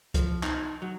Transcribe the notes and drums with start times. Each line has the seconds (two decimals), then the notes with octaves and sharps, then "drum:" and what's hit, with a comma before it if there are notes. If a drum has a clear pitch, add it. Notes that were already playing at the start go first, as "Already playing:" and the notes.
0.14 F3, drum: kick C2, hi-hat
0.43 D#4, drum: clap
0.82 F#3